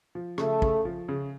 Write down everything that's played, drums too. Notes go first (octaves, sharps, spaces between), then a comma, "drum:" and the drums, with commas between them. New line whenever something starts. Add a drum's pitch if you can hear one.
F3
C#3 A3, drum: rim click
C#3, drum: kick
F3
C#3